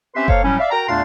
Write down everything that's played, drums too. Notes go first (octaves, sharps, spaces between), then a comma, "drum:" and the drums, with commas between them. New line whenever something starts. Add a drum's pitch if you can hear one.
C4 C#4 G4 B4 E5 C6
A#3 A4 C5 C#5 F5, drum: kick F#1
A2 F#3 G3 C#4
D5 E5 F5
F#4 A#4 G5 A#5
E2 A#2 A3 D4 F5 C6